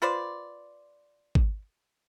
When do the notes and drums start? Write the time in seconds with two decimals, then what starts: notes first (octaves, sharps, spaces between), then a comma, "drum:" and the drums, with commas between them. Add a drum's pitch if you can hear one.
0.02 F4 B4 C5 D5
1.35 drum: kick G#1